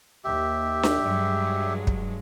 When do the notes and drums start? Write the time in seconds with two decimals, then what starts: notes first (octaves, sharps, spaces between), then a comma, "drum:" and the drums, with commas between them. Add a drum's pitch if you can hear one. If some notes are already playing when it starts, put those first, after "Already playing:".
0.24 D#2 G4 E5
0.83 drum: snare D4
1.01 G2 F#3 G#3
1.87 drum: kick